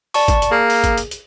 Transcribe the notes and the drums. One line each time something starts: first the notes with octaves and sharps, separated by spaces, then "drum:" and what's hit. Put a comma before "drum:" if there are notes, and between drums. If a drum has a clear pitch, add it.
D5 A5 C#6, drum: open hi-hat
drum: kick, hi-hat
drum: hi-hat
A#3 G#4
drum: open hi-hat
drum: kick, hi-hat
drum: hi-hat
drum: hi-hat